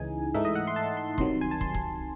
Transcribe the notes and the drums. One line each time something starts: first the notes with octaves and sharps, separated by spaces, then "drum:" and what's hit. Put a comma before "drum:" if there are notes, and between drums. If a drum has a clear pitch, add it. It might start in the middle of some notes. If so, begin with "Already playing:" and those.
Already playing: C#2 C#3 E3 G#3 D#4 G#5
G#2 E3 A3 D#4 E5
D#5
F#5
C6
A5
C6
C2 C3 D#3 F#3 C6, drum: kick
G#5
A5
C6, drum: kick
drum: kick